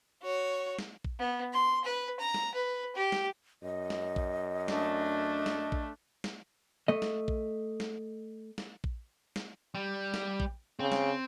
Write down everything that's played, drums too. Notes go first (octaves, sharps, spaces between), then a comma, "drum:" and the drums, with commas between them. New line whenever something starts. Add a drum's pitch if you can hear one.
F#4 C#5
drum: snare
drum: kick A#1
B3
C6
B4
A#5
drum: snare
B4
G4
drum: snare
F#2 D#5
drum: snare
drum: kick A#1
A3 D4, drum: snare
drum: snare
drum: kick A#1
drum: snare
A3 D#5
drum: snare
drum: kick A#1
drum: snare
drum: snare
drum: kick A#1
drum: snare
G3
drum: snare
drum: kick A#1
C#3 C4
drum: snare